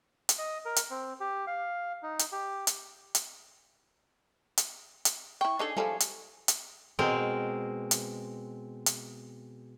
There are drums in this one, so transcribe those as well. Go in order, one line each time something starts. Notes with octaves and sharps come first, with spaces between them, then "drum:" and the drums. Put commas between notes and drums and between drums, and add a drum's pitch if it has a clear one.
drum: hi-hat
D#5
A#4
drum: hi-hat
C4
G4
F5
D#4
drum: hi-hat
G4
drum: hi-hat
drum: hi-hat
drum: hi-hat
drum: hi-hat
E4 G5 C#6
D4 D#4 G#4 A4 C#5
F3 G3 E4 A4 F5 G#5
drum: hi-hat
drum: hi-hat
B2 G#3 C4 A#4
drum: hi-hat
drum: hi-hat